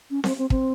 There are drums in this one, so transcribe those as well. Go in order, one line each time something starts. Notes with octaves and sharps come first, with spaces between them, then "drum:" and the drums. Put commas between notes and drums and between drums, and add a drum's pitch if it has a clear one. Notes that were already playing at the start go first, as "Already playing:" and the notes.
C#4
C4, drum: snare C4
C4
C4, drum: kick